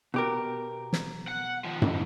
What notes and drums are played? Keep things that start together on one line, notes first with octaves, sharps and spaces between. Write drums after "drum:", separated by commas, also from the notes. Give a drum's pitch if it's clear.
B2 G4 A#4
drum: snare
F#5
D#3 F3
drum: tom F#2